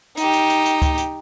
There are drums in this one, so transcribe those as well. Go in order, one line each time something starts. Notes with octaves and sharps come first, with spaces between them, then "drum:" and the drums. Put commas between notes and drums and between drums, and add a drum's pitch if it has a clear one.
D#4 G4, drum: hi-hat
drum: hi-hat
drum: hi-hat
drum: hi-hat
drum: kick C#2, hi-hat
drum: hi-hat